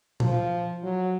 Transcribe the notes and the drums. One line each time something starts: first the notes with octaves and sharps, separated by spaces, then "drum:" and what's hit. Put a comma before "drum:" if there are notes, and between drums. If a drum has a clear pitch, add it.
F3, drum: tom A#2
F#3